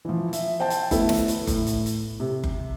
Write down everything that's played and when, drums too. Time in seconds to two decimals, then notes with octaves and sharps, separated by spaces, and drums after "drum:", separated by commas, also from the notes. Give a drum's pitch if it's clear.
0.05 E3 F3
0.33 E5, drum: hi-hat
0.60 C5 G5 A5
0.70 drum: hi-hat
0.91 A3 B3 E4, drum: kick F#1, hi-hat
1.09 drum: snare
1.28 drum: hi-hat
1.47 A2, drum: kick F#1, hi-hat
1.67 drum: hi-hat
1.86 drum: hi-hat
2.20 C3
2.44 drum: kick F#1